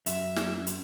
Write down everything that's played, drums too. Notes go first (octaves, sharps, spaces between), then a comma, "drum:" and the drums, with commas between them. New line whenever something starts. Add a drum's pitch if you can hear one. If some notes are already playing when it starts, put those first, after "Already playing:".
F#2 E5, drum: hi-hat
drum: snare
drum: hi-hat